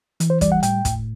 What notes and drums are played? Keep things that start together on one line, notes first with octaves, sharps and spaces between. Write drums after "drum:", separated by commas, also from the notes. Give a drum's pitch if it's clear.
E3, drum: hi-hat
C5
G3 D5, drum: kick, hi-hat
F#5
A2 G5, drum: hi-hat
A2, drum: kick, hi-hat